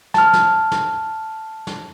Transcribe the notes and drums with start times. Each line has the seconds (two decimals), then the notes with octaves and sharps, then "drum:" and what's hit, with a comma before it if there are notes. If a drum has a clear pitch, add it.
0.14 A5 F6, drum: snare
0.33 drum: snare
0.72 drum: snare
1.67 drum: snare